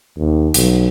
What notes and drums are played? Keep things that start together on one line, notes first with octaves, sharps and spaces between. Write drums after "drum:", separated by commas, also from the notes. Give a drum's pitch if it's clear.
D#2
B1, drum: hi-hat